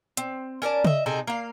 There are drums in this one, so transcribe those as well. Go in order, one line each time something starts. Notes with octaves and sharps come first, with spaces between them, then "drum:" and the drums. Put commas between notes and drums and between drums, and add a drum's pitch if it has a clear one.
C4, drum: hi-hat
C#4 A#4 D5 A5
D#5 E5, drum: tom C#3
C3 D#4 G#4 A4
A#3 F5